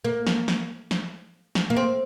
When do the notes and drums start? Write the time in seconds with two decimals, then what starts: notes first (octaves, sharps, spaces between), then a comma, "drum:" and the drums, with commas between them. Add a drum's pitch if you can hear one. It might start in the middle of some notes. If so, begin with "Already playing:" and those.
0.04 A#3
0.27 drum: snare
0.48 drum: snare
0.91 drum: snare
1.55 drum: snare
1.70 A#3
1.77 C4